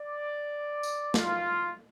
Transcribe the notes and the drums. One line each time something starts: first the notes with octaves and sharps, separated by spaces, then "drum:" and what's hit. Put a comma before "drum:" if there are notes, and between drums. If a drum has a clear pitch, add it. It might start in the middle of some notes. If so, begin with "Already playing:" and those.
Already playing: D5
drum: tambourine
F4, drum: snare